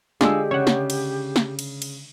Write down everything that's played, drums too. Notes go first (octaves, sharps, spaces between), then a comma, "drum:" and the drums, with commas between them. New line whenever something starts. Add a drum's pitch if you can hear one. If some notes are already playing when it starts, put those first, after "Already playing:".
D3 G#3 D4 F4 G4 G#4 E6, drum: snare
C#3 C#5 E5 F#5
drum: snare
drum: cymbal
drum: snare
drum: cymbal
drum: cymbal